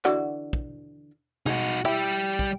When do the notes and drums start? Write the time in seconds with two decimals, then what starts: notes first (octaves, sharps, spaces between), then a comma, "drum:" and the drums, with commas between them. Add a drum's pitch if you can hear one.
0.05 D3 E3 F#4, drum: clap
0.53 drum: kick
1.46 G#3 D#4 F#4, drum: tom B2
1.85 G3 E4 G4
2.39 drum: kick